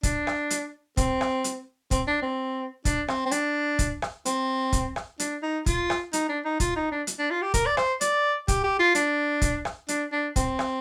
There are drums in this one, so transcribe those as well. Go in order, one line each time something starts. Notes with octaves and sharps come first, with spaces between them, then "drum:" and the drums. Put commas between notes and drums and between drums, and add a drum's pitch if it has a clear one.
D4, drum: kick, hi-hat
drum: rim click
drum: hi-hat
C4, drum: kick, hi-hat
drum: rim click
drum: hi-hat
C4, drum: kick, hi-hat
D4
C4
D4, drum: kick, hi-hat
C4, drum: rim click
C4
D4, drum: hi-hat
drum: kick, hi-hat
drum: rim click
C4, drum: hi-hat
drum: kick, hi-hat
drum: rim click
D4, drum: hi-hat
D#4
F4, drum: kick, hi-hat
drum: rim click
D#4, drum: hi-hat
D4
D#4
F4, drum: kick, hi-hat
D#4
D4
drum: hi-hat
D4
F4
G4
A#4, drum: kick, hi-hat
D5
C5, drum: rim click
D5, drum: hi-hat
G4, drum: kick, hi-hat
G4
F4
D4, drum: hi-hat
drum: kick, hi-hat
drum: rim click
D4, drum: hi-hat
D4
C4, drum: kick, hi-hat
drum: rim click